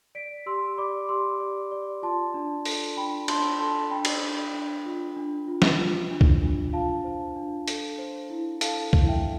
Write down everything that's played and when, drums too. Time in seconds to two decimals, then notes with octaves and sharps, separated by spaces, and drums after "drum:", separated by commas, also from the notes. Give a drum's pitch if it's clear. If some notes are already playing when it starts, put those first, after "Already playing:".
0.15 D5 B6 D7
0.46 G4 C6 E6
0.77 D5 B5 D6
1.09 G4 C6 E6
1.40 D5
1.72 D5
2.03 F4 A5 C6
2.34 D4
2.65 A4, drum: open hi-hat
2.97 D4 G5 B5
3.28 D4 A5 C6, drum: cymbal
3.60 A4 A5 C6
3.91 D4 G5 B5
4.05 drum: cymbal
4.23 D4
4.54 D4
4.86 F4
5.16 D4
5.48 F4
5.62 drum: snare
5.79 F4
6.10 D4
6.21 drum: kick C2
6.42 D4
6.73 F4 F5 A5
7.04 C5
7.36 D4
7.68 A4, drum: hi-hat
7.99 C5
8.30 E4
8.61 A4 F5 A5, drum: hi-hat
8.93 E4, drum: kick C2
9.08 E5 G5